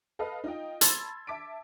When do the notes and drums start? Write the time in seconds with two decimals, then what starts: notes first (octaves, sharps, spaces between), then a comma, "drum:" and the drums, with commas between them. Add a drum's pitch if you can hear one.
0.19 A4 B4 D#5 F5
0.44 D#4 F4 D#5 G5
0.81 A5 B5 C6 E6 G#6 A6, drum: hi-hat
1.27 E5 A5 D6 B6 D7